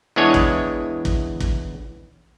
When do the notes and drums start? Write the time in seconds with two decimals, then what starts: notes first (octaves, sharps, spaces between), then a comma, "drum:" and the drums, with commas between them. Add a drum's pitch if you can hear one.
0.16 E2 E3 G#3 D4 C#5 G#5
0.34 drum: kick
1.05 drum: kick
1.40 drum: kick